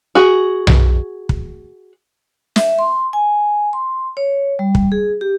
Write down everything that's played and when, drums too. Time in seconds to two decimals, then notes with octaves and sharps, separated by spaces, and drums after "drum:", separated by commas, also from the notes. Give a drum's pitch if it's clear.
0.15 F#4 G#4
0.67 drum: tom B1
1.29 drum: kick
2.56 E5, drum: snare
2.79 C6
3.13 G#5
3.73 C6
4.17 C#5
4.59 G3
4.75 drum: kick
4.92 G#4
5.21 G4